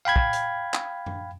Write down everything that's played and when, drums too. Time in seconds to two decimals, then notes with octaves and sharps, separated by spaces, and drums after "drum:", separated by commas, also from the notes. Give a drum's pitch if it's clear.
0.05 F5 G5 B5 G#6
0.16 drum: kick
0.33 drum: hi-hat
0.74 drum: clap
1.06 drum: tom F#2